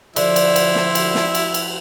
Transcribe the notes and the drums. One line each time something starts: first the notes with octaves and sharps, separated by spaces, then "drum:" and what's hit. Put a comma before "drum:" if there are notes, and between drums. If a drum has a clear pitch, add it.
D3 F3 E4 C5, drum: cymbal
drum: cymbal
drum: cymbal
drum: snare
drum: cymbal
drum: snare
drum: cymbal
drum: cymbal